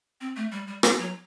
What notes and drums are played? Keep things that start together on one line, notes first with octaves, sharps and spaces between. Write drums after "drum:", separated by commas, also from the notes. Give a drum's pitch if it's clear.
C4
A3
G3
G3
drum: rim click
F#3